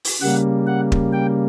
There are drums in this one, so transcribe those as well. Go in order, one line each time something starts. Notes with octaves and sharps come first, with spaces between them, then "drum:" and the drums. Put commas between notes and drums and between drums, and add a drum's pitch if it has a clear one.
drum: open hi-hat
C#3 G3 A#3 F#5
F#5
drum: kick
G5